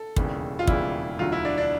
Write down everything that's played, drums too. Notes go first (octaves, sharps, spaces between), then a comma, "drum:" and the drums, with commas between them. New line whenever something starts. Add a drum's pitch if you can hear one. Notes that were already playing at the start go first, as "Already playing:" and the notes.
Already playing: A4
E1 D#2 C#3 E3 G3, drum: kick
F4
E1 D#2 C#3 E3 G3 E4, drum: kick
E1 D2 D3 F#3 F4
E4
D4
D4